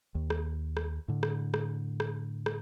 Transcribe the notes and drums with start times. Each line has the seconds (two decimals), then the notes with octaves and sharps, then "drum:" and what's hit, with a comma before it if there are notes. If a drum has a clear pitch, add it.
0.15 D#2
0.30 drum: rim click
0.77 drum: rim click
1.08 A2 D3
1.23 drum: rim click
1.54 drum: rim click
2.00 drum: rim click
2.46 drum: rim click